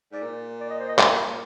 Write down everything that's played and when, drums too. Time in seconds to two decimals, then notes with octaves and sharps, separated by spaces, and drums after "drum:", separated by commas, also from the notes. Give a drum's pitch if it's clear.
0.11 G#2 D5
0.22 A#2
0.61 D5
0.70 D#5
0.79 C5
0.88 D#5
0.99 F5, drum: clap